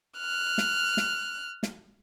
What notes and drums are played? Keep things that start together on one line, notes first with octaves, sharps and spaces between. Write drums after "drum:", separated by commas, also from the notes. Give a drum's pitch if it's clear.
F6 F#6
drum: snare
drum: snare
drum: snare